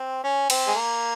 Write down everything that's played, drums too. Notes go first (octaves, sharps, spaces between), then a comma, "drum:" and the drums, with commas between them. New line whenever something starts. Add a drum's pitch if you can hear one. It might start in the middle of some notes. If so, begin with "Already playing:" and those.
Already playing: C4
C#4
C4, drum: cymbal
G#3
A#3